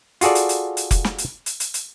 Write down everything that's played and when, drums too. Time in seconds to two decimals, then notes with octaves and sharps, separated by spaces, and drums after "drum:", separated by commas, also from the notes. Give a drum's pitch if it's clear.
0.21 F4 F#4 G#4 A4 D5, drum: hi-hat
0.35 drum: hi-hat
0.49 drum: hi-hat
0.77 drum: hi-hat
0.91 drum: kick F1, hi-hat
1.05 drum: snare
1.18 drum: hi-hat
1.46 drum: hi-hat
1.60 drum: hi-hat
1.74 drum: hi-hat